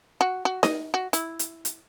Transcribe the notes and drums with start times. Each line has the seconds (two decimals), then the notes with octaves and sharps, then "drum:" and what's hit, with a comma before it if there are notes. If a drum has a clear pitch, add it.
0.21 F#4
0.45 F#4
0.63 D#5, drum: snare D#4
0.94 F#4
1.13 E4, drum: hi-hat
1.39 drum: hi-hat
1.65 drum: hi-hat